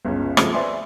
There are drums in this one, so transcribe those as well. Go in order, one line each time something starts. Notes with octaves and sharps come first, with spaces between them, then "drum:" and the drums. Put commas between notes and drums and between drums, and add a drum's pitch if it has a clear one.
G1 C#2 C#4 F4
C3 F3 G#3 A3, drum: rim click
B4 C5 D5 E5 G#5 C6